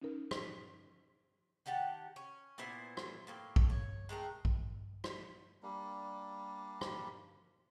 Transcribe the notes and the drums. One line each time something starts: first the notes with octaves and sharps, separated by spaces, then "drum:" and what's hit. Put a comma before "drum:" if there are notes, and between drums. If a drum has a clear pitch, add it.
C#4 D#4 A#4
drum: rim click
D#3 G4 F#5 A5
C#4
A#2 B3 E4 C5
drum: rim click
A2 A#3 C4
drum: kick A#1
C#5
G#3 A3 C4 A#4
drum: kick A#1
drum: rim click
G3 A#3 D4
drum: rim click